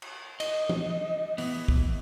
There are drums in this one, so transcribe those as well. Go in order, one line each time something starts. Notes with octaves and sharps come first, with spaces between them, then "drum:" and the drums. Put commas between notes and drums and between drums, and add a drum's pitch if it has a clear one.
drum: cymbal
D#5, drum: cymbal
drum: tom
E3 B3, drum: open hi-hat
drum: kick